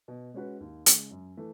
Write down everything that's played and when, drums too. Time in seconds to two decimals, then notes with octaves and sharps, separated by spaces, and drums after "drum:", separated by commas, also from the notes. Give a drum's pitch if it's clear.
0.08 B2
0.34 G#3 C#4 F#4 B4
0.60 D#2
0.86 C#3 G#3, drum: hi-hat
1.11 F#2
1.37 E3 A3